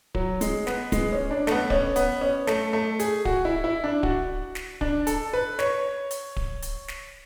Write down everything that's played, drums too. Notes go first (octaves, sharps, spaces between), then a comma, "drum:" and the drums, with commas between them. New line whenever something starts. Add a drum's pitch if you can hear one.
F#3, drum: kick D1
G#3, drum: hi-hat
B3, drum: snare
G#3, drum: kick D1, hi-hat
C#4
D4
A3, drum: snare
B3
C#4, drum: kick D1
B3, drum: hi-hat
C#4
A3, drum: snare
A3
G#4, drum: hi-hat
F#4, drum: kick D1
E4
E4
D4
F#4, drum: kick D1
drum: snare
D4, drum: kick D1
A4, drum: hi-hat
B4
C#5, drum: snare
drum: hi-hat
drum: kick D1
drum: hi-hat
drum: snare